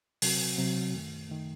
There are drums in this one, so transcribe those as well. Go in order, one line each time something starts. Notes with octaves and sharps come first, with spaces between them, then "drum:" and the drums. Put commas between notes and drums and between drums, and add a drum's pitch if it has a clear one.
C3 F#3 C4 F#4, drum: open hi-hat
C3 F#3 C4 F#4
F#2 D#3 A3
D#3 A3